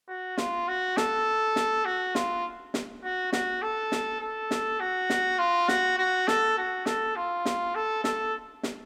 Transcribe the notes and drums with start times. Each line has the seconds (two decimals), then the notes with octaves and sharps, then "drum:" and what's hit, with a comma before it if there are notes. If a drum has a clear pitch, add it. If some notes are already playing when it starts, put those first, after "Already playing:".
0.08 F#4
0.38 F4, drum: snare
0.68 F#4
0.97 A4, drum: snare
1.56 drum: snare
1.85 F#4
2.15 F4, drum: snare
2.74 drum: snare
3.04 F#4
3.33 F#4, drum: snare
3.62 A4
3.92 drum: snare
4.21 A4
4.51 drum: snare
4.80 F#4
5.10 drum: snare
5.39 F4
5.68 F#4, drum: snare
5.98 F#4
6.28 A4, drum: snare
6.58 F#4
6.86 A4, drum: snare
7.16 F4
7.46 drum: snare
7.75 A4
8.04 A4, drum: snare
8.63 drum: snare